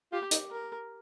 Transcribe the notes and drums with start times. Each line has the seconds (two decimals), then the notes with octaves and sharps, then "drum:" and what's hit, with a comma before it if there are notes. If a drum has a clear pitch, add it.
0.12 F4 G4
0.31 D#4, drum: hi-hat
0.51 A#4